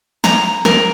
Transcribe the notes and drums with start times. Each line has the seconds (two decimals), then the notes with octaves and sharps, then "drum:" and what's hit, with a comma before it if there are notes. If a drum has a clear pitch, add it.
0.24 A#5, drum: snare
0.65 A#4, drum: snare